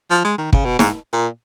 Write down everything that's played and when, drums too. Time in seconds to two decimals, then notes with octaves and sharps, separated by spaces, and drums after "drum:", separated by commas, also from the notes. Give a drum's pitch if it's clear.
0.11 F3
0.25 G#3
0.38 D#3
0.53 C#3, drum: kick
0.65 B2
0.79 G#2, drum: snare
1.13 A#2